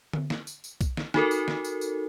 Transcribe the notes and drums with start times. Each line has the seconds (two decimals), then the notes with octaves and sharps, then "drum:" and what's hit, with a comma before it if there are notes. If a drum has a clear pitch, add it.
0.13 drum: tom D3
0.30 drum: snare
0.47 drum: tambourine
0.64 drum: tambourine
0.81 drum: kick B1, tambourine
0.97 drum: snare
1.14 D#4 F#4 A4 A#4, drum: snare
1.31 drum: tambourine
1.48 drum: snare
1.65 drum: tambourine
1.81 drum: tambourine